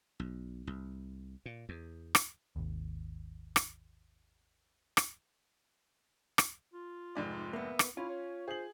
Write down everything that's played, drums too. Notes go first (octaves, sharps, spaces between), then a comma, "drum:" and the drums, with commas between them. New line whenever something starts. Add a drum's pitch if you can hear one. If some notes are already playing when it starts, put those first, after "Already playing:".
B1
C2
A#2
E2
drum: rim click
G#1 D#2
drum: rim click
drum: rim click
drum: rim click
F4
F1 G#2 D5
A#3 B3 E5
drum: rim click
C#4 E4 F4
C#5
G#4 C5 F#7